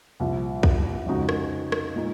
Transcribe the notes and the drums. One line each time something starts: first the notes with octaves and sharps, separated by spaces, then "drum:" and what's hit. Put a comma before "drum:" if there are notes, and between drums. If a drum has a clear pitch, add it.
C2 A#2 F3
drum: kick B1
F2 C#3 G#3 D#4 F#4
drum: rim click
drum: rim click
A#2 G#3 D#4